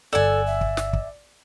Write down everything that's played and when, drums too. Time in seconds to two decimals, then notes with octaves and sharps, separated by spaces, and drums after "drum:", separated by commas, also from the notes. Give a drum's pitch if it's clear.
0.13 G1 A4 D5 F#5 G#5 E6
0.47 E5
0.61 drum: kick
0.77 drum: snare
0.93 drum: kick